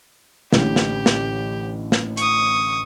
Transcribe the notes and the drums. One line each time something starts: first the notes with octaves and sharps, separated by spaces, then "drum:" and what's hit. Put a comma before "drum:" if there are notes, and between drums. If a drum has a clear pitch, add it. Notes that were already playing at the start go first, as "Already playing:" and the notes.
A1 A2 D3 G4, drum: snare
drum: snare
drum: snare
drum: snare
C#6 D#6, drum: hi-hat